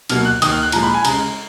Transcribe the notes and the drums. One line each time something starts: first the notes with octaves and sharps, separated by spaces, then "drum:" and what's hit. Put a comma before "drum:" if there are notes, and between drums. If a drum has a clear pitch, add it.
B2 F#3 A#3 F6, drum: cymbal
F#6
D#3 A#3 D#6, drum: cymbal
F6
F#6
A#2 F3 G#3 A#5, drum: cymbal
B5
G#5
C#3 G#3 A#5, drum: cymbal